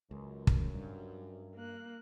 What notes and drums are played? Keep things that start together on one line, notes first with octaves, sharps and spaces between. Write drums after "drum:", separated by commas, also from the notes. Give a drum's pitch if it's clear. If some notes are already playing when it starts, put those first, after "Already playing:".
C#2 F#2
drum: kick
G2
A#3 F#6